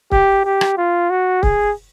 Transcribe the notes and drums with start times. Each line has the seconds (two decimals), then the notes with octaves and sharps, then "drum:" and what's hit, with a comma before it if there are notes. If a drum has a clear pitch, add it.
0.12 G4, drum: kick C#1
0.45 G4
0.61 drum: rim click
0.78 F4
1.10 F#4
1.43 G#4, drum: kick C#1